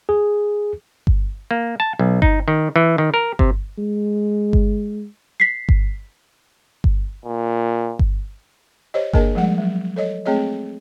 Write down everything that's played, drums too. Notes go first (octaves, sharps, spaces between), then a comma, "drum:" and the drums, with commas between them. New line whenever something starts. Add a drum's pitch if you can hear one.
G#4
drum: kick G1
A#3
A5
B1
D#4, drum: kick G1
D#3
E3
D#3
A#4
C3, drum: kick G1
G#3
drum: kick G1
B6 C7
drum: kick G1
drum: kick G1
A#2
drum: kick G1
G4 C5 C#5 D#5
A#3 D4 G#4 A#4 D#5 A5, drum: kick G1
F3 G3 G#3 F#5
F#3
A4 C#5 D#5
G#3 A3 C4 G#4 C#5 D#5